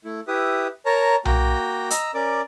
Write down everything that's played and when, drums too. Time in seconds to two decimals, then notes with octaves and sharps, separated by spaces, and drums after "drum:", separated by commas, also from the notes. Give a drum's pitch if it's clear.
0.05 A3 E4
0.28 E4 G4 B4 E5 D#6
0.86 A#4 C#5 A5 A#5
1.25 A#3 F#4 G5 A#5, drum: tom B1
1.90 D#5 A#5 E6, drum: hi-hat
2.14 C#4 A#4 D5 D6